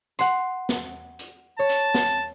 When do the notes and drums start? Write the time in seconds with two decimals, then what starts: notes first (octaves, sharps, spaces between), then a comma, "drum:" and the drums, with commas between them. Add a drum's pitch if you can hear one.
0.19 F#5 C6, drum: hi-hat
0.69 drum: snare
1.19 drum: hi-hat
1.59 C#5 A5
1.69 drum: hi-hat
1.94 drum: snare